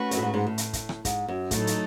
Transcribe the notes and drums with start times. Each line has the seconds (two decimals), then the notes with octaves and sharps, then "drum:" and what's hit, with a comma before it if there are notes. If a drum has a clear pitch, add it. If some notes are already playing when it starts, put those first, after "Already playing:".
Already playing: A3 C#4 F#4 B4
0.11 F#2, drum: hi-hat
0.17 A2
0.22 G#2
0.34 G#2
0.47 A2
0.58 drum: hi-hat
0.73 drum: kick, hi-hat
0.89 drum: rim click
1.05 G#2, drum: kick, hi-hat
1.28 F#2
1.51 A2 F#3 A3 D#4 A4, drum: kick, hi-hat
1.67 drum: hi-hat